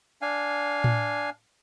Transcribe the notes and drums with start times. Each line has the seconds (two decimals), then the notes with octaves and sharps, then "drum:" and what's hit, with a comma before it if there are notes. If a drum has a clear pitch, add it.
0.22 D4 F5 G#5
0.84 drum: tom A2